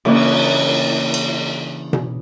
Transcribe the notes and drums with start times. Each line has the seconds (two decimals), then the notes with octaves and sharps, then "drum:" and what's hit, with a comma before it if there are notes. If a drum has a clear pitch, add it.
0.05 C#3 E3 A#3 C#4 D4, drum: cymbal
1.14 drum: cymbal
1.93 drum: tom B2